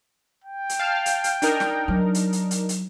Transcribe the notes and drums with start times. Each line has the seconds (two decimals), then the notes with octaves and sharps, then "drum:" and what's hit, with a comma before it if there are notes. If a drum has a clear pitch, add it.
0.44 G5
0.69 drum: hi-hat
0.79 F5 A5 F6
1.06 drum: hi-hat
1.24 drum: hi-hat
1.42 D4 D#4 A#4, drum: hi-hat
1.60 drum: snare
1.88 F#3
2.14 drum: hi-hat
2.33 drum: hi-hat
2.51 drum: hi-hat
2.69 drum: hi-hat